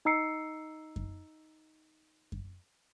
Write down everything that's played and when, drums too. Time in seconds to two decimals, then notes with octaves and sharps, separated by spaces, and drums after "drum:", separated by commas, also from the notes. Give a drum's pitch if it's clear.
0.05 D#4 D#5 A#5 E6 C7 C#7
0.96 drum: kick F#2
2.32 drum: kick F#2